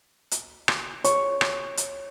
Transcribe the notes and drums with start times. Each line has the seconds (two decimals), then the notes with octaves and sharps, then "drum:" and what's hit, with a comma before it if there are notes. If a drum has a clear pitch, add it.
0.31 drum: hi-hat
0.68 drum: rim click
1.04 C#5, drum: hi-hat
1.41 drum: rim click
1.77 drum: hi-hat